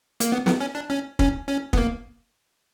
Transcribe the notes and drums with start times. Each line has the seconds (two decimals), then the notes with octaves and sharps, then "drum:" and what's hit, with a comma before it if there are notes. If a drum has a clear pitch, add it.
0.20 A#3, drum: hi-hat
0.32 B3
0.46 B3, drum: snare
0.60 C#4
0.75 D4
0.90 C#4
1.19 C#4, drum: kick
1.48 C#4
1.73 B3, drum: kick
1.77 A#3